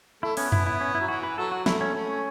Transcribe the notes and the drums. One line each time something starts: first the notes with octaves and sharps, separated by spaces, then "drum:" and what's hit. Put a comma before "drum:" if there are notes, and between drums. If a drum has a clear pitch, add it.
A3 E4
B3 C#4, drum: open hi-hat
E4, drum: tom F#2
E4
C#4
E4
F#3
E3 F#4
B4
F#3 A4
F#4
A3 E4, drum: snare
C#4
A3 C#4